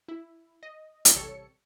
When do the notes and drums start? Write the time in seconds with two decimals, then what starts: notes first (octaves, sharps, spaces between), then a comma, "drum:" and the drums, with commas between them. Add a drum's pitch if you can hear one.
0.08 E4
0.63 D#5
1.05 drum: hi-hat
1.15 A1 C3 G3 A4 C#5 C#7